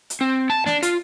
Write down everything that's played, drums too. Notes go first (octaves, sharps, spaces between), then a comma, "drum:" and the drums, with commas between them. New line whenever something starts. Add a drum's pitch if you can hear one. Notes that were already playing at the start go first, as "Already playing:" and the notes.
drum: hi-hat
C4
A5
D4, drum: snare
F4, drum: hi-hat